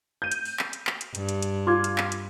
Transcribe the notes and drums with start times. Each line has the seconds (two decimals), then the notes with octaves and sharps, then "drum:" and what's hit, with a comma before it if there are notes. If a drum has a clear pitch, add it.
0.22 G6 D#7
0.32 drum: hi-hat
0.45 drum: open hi-hat
0.59 drum: clap
0.73 drum: hi-hat
0.87 drum: clap
1.01 drum: hi-hat
1.15 G2, drum: hi-hat
1.29 drum: hi-hat
1.42 drum: hi-hat
1.67 F4 C6 D6 G#6
1.84 drum: hi-hat
1.98 drum: clap
2.12 drum: hi-hat